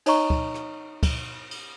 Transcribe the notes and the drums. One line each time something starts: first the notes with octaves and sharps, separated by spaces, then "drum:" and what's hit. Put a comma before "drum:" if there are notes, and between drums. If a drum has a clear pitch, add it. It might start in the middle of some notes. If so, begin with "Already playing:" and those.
D#4 C#5 D#5 A#5 C#6, drum: cymbal
drum: kick
drum: rim click
drum: kick, cymbal
drum: cymbal